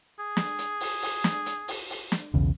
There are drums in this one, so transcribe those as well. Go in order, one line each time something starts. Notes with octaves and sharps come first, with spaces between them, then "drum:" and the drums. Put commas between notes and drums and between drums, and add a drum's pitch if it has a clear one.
G#4
drum: snare
drum: hi-hat
drum: open hi-hat
drum: open hi-hat
drum: snare
drum: hi-hat
drum: open hi-hat
drum: open hi-hat
drum: snare
B1 E2 C#3